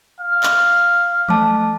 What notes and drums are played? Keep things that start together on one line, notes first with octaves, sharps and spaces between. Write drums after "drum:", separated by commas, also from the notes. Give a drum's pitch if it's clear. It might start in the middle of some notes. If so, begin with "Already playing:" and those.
F5
drum: clap
A3 A5, drum: tom E3